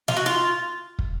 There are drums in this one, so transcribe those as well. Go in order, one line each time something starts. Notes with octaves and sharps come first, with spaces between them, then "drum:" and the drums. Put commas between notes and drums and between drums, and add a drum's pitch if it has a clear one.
F4, drum: snare
F#4
F4
drum: kick